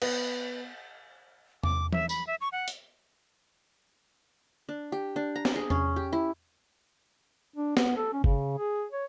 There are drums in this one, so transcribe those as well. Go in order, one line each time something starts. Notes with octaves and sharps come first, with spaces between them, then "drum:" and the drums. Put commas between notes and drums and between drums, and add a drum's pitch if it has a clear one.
B3, drum: cymbal
D6, drum: tom E2
E5, drum: tom E3
B5, drum: tambourine
E5
C#6
F#5
drum: hi-hat
D4
G4
D4
A#5
drum: snare
G#4
C#4, drum: tom E2
G4
E4
D4
B3, drum: snare
A4
C#4
C#3, drum: kick G1
G#4
C#5